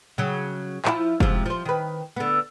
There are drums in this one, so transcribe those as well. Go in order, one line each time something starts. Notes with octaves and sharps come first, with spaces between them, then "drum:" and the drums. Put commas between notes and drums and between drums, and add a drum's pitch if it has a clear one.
C#3 F#3
F3 E4, drum: clap
G#2 C3 F3, drum: kick F1
F3 C5
D#3 B4
D3 B3